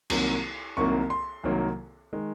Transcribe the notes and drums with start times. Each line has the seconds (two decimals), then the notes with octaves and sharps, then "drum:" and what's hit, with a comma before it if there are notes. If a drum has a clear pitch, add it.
0.10 C2 C3 D#3 F#3 A#3, drum: cymbal
0.77 C2 C3 D#3 F#3 A#3 C#6
1.10 C6
1.44 C2 C3 D#3 F#3 A#3
2.13 D#3 G#3